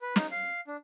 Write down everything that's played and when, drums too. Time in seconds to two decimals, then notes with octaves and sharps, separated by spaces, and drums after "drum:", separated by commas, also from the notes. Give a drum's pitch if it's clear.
0.01 B4
0.16 D#4, drum: snare
0.31 F5
0.67 D4